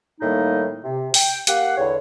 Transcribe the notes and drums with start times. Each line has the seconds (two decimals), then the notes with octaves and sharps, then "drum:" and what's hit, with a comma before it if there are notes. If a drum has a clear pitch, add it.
0.21 A2 D#3 G3 A#3 D#4
0.84 C3
1.14 G5, drum: open hi-hat
1.47 A#3 G4 F5 F#5, drum: hi-hat
1.77 E2 D3 E4 C#5